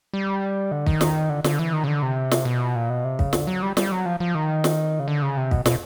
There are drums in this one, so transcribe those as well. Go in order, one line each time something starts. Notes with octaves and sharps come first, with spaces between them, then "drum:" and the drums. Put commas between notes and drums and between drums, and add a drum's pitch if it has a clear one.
G3
D3
D#3, drum: kick
drum: snare
D3
D3, drum: snare
E3
D#3
C#3
D3
C3
drum: snare
B2
A#2
B2
C3
C#3, drum: kick
D3, drum: snare
F#3
G3
G3, drum: snare
F#3
F3
F3
D#3
drum: snare
C#3
D3
C#3
C3
B2, drum: kick
B2, drum: snare